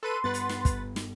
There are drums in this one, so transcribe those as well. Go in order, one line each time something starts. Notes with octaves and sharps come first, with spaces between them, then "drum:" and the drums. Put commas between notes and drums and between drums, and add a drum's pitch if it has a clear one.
A4 B4 C6 D#7
G2 B3 B4 F#5 A6
drum: hi-hat
drum: snare
drum: kick, hi-hat
drum: snare